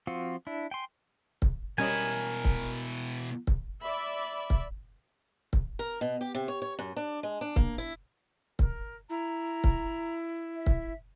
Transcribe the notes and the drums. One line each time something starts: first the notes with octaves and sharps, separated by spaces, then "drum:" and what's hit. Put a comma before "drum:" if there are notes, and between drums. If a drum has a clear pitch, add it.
F3 C4 F4 F#4
D4 E4
G5 G#5 C6
drum: kick C#1
B2 G3 C#4 E4 A#4 D#5 G#5
drum: kick C#1
drum: kick C#1
D5 E5 B5
drum: kick C#1
drum: kick C#1
A#4
B2
G4
C3
C#5
C#5
F#2
D4
G#3
D4
A#3, drum: kick C#1
E4
A#4, drum: kick C#1
E4 A#5
drum: kick C#1
E5
drum: kick C#1